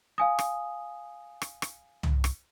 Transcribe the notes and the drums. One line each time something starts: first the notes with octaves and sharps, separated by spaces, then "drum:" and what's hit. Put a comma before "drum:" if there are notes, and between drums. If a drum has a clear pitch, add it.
F5 G#5 D#6
drum: rim click
drum: rim click
drum: rim click
drum: tom
drum: rim click